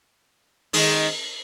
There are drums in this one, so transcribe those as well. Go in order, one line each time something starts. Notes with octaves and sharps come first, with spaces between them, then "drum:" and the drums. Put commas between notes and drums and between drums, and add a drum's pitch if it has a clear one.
D#3 G#3, drum: open hi-hat